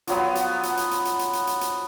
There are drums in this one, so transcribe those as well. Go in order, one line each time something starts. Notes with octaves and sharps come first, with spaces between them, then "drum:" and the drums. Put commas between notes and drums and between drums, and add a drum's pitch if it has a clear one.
F3 F#3 B3, drum: hi-hat
drum: hi-hat
drum: hi-hat
drum: hi-hat
drum: hi-hat
drum: hi-hat
drum: hi-hat
drum: hi-hat
drum: hi-hat
drum: hi-hat